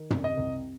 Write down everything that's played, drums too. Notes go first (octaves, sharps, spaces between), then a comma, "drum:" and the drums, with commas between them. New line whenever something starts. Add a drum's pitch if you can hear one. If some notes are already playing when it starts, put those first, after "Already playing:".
Already playing: D#3
C3, drum: tom
D#5
C2